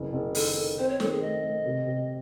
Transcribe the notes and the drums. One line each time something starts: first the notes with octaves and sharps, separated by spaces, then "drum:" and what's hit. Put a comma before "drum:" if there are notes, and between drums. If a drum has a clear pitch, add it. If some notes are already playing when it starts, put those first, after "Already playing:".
Already playing: F#1 E3
F#1
D#3 A4, drum: open hi-hat
D#3
C4 C5
C#5
D#3 A4, drum: snare
G#4
A3 D#5
A3
C3
C3